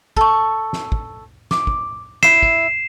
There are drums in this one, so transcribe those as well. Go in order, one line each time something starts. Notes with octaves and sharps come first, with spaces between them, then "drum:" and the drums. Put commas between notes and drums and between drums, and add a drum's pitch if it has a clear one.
A4 C#6, drum: kick
drum: snare
drum: kick
D6, drum: snare
drum: kick
E4 E5 C7 E7, drum: snare
drum: kick